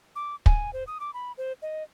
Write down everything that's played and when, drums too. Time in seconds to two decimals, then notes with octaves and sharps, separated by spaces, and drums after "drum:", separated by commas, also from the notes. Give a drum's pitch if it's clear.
0.16 D6
0.46 G#5, drum: kick
0.73 C5
0.87 D#6
1.00 D6
1.14 B5
1.38 C5
1.62 D#5